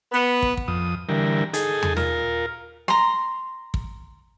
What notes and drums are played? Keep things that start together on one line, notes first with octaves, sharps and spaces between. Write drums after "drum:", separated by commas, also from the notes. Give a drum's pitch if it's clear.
B3
drum: kick
drum: kick
F2 D#6
D3 E3 G3 A#4
D#4 G#4 A4, drum: hi-hat
drum: tom E2
F4 A#4, drum: snare
A#5 C6, drum: snare
drum: kick